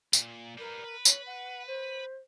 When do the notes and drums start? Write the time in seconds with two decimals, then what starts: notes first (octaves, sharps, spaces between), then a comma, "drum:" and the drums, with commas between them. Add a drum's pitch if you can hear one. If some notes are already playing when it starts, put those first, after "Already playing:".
0.13 A#2, drum: tambourine
0.58 G3 A#4 B4
0.84 B4
1.05 C#5, drum: tambourine
1.26 F#5
1.67 C5